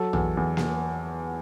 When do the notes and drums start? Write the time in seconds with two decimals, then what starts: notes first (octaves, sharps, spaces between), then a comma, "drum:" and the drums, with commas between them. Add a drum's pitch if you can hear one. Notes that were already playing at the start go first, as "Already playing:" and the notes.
Already playing: F#3 A4
0.13 E2, drum: tom A#1
0.37 E2
0.57 drum: snare A#3